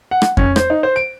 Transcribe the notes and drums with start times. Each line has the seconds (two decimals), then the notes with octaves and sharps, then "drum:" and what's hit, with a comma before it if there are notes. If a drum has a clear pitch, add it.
0.11 F#5
0.22 drum: rim click
0.37 C#4, drum: kick F2
0.56 C5, drum: rim click
0.70 D#4
0.83 C5
0.96 D7